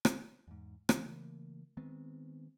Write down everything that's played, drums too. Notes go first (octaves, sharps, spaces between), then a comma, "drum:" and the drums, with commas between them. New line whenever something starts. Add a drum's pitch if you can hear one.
drum: rim click
E2 G#2
C#3 E3 A3 A#3, drum: rim click
D#3 G#3 B3 C4